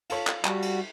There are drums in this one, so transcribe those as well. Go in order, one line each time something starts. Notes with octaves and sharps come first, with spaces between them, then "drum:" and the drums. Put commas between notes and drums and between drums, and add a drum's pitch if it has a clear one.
F4 A4 C#5, drum: cymbal
drum: clap
G3 F#4, drum: clap
drum: cymbal